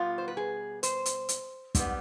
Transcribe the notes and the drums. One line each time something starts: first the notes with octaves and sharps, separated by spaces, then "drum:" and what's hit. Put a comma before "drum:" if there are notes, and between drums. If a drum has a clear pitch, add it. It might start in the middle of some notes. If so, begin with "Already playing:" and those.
Already playing: B2 G3 B3 F4
C5
B4
G#4
C5, drum: hi-hat
drum: hi-hat
drum: hi-hat
G#2 G3 B3, drum: kick, hi-hat